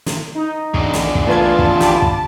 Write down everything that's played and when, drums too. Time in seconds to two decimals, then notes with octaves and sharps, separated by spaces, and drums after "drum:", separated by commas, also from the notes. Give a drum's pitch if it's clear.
0.06 drum: snare
0.35 D#4
0.74 E2 D4, drum: kick
0.93 drum: snare
1.15 drum: kick
1.27 A3 F4 B4 A5 G#6
1.59 drum: kick
1.80 G4 B5 D6, drum: snare
2.02 drum: kick